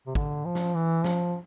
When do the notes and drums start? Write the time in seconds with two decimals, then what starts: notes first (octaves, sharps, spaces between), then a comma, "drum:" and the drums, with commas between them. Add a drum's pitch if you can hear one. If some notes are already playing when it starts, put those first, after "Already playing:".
0.07 C3
0.15 D3, drum: kick
0.45 F3
0.55 drum: snare
0.75 E3
1.04 F3, drum: snare